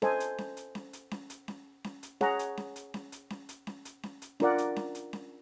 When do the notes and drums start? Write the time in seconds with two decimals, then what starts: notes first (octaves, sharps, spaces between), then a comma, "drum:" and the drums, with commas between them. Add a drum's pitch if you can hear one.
0.02 A4 C5 D#5 G#5, drum: snare C#4
0.20 drum: hi-hat
0.38 drum: snare C#4
0.57 drum: hi-hat
0.75 drum: snare C#4
0.93 drum: hi-hat
1.11 drum: snare C#4
1.30 drum: hi-hat
1.48 drum: snare C#4
1.84 drum: snare C#4
2.03 drum: hi-hat
2.21 G#4 C#5 F#5 A#5, drum: snare C#4
2.39 drum: hi-hat
2.57 drum: snare C#4
2.76 drum: hi-hat
2.94 drum: snare C#4
3.12 drum: hi-hat
3.30 drum: snare C#4
3.49 drum: hi-hat
3.67 drum: snare C#4
3.85 drum: hi-hat
4.03 drum: snare C#4
4.22 drum: hi-hat
4.40 D4 F4 A#4 D5 F#5, drum: snare C#4
4.58 drum: hi-hat
4.76 drum: snare C#4
4.95 drum: hi-hat
5.13 drum: snare C#4